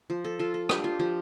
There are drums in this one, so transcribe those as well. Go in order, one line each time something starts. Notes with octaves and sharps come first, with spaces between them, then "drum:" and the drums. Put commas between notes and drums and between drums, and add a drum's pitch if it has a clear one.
F3
A4
F4 A4
A4
D4 G4, drum: rim click
F4
F3 G4